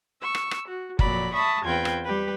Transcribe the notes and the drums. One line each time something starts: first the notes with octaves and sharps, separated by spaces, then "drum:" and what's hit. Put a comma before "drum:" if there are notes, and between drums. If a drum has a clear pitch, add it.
C#6 E6
drum: rim click
drum: rim click
F#4
F2 A#2 F#3 D5 B5, drum: kick
E5 A5 B5 C#6 D#6
E2 C4 F4 B4 G5 G#6
drum: rim click
G3 G4 B4